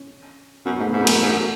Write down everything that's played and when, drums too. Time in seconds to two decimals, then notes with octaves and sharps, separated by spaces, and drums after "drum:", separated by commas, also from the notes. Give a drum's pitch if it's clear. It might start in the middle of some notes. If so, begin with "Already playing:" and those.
Already playing: C#4
0.65 F#2 B3
0.79 G#2 A3
0.87 B3
0.93 G#2 A3
1.01 F#2 B3
1.07 A3, drum: cymbal
1.12 F#2
1.14 B3
1.21 G#2 A3
1.28 F#2